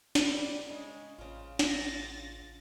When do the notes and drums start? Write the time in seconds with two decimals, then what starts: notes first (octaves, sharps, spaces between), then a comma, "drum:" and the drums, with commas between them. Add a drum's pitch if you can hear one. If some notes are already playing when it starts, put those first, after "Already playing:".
0.15 G3, drum: snare
0.68 C#3 G#3
1.18 A1 C#3 F4
1.59 A6 A#6, drum: snare